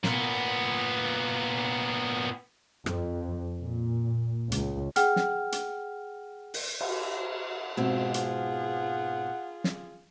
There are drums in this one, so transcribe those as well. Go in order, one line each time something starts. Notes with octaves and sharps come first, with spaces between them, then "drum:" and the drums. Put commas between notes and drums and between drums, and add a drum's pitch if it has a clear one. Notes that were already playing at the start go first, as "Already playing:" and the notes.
A#2 B3, drum: snare
F2, drum: rim click
A#2
C#2, drum: hi-hat
G#4 F#5 G5 F6, drum: hi-hat
drum: snare
drum: hi-hat
drum: open hi-hat
drum: cymbal
G#2 B2 C4 F4 G#4 F#5
drum: hi-hat
drum: snare